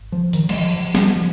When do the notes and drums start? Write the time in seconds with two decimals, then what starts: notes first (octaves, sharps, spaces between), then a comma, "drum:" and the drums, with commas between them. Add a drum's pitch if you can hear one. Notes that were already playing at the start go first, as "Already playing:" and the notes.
Already playing: G#1
0.12 F3
0.33 D#3, drum: hi-hat
0.49 G3, drum: cymbal
0.54 F3
0.75 F3
0.95 G3, drum: snare
1.16 F3